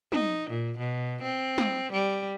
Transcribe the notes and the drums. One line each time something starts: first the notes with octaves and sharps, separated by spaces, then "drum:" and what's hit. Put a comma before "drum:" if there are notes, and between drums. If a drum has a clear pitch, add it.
D#4, drum: tom
A#2
B2
C4
drum: snare
G3